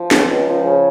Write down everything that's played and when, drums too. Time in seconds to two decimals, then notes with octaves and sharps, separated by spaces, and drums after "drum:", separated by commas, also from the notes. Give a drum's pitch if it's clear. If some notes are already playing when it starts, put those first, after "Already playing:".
Already playing: F3
0.11 C#2, drum: snare
0.29 C#2
0.47 F3
0.64 C#3